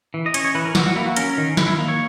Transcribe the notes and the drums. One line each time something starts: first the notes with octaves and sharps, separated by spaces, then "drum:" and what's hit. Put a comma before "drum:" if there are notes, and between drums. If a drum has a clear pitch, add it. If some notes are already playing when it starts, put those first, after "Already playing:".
E3
D#5
C#4 C#5, drum: hi-hat
C#5
E3 B4
A#4
E3 F#4, drum: snare
F#4
A#3 E4
F#4
C#4 A#4, drum: hi-hat
D#3
D#3 E4, drum: snare
E4
A#3
C#5